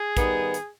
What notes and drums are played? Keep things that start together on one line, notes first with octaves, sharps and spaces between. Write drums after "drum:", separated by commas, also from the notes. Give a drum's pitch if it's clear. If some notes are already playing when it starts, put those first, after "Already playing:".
Already playing: G#4
D#3 G3 B3, drum: kick, hi-hat
drum: hi-hat